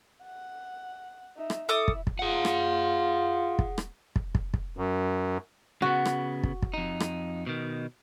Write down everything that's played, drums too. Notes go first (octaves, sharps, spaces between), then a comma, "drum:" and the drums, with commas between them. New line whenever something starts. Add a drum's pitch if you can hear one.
F#5
D#4 E5
drum: rim click
E4 A4 E5 D6 D#6
drum: kick
drum: kick
F4 G#4 F#5
drum: rim click
drum: kick
drum: rim click
drum: kick
drum: kick
drum: kick
F#2
C#3 B3 F#4
drum: rim click
drum: kick
drum: kick
F2 D#4
drum: rim click
B2 D#3